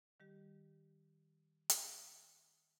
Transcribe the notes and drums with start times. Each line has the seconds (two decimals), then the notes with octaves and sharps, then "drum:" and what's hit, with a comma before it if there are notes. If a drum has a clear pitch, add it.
0.20 D#3 G3 G4
1.70 drum: hi-hat